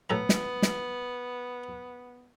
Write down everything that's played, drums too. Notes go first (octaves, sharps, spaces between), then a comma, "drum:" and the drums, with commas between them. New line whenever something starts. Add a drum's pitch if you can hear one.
A2 B3 A4 A#5
drum: snare
drum: snare